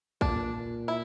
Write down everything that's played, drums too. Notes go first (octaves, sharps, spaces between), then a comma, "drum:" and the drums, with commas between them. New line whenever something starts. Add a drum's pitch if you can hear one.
A#2 D4, drum: kick
A#2
E4